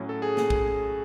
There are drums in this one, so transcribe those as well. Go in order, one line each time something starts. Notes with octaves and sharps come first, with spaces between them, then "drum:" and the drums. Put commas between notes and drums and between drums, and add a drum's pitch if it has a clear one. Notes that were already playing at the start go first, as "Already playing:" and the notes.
Already playing: A2 F#3 C#4
A4
G#4
G#4, drum: snare
drum: kick